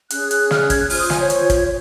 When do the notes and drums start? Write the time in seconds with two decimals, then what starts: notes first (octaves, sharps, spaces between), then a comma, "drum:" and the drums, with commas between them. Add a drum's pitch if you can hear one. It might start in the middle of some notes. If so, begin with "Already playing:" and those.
0.10 C#4 G#4 C#5 F#6, drum: hi-hat
0.31 F#6, drum: hi-hat
0.51 F6, drum: snare
0.60 F#6
0.70 G#6, drum: kick, hi-hat
0.80 F#6
0.90 F4 C5 F6, drum: open hi-hat
1.00 D#6
1.10 G#5, drum: snare
1.20 C#5
1.30 drum: hi-hat
1.50 drum: kick, hi-hat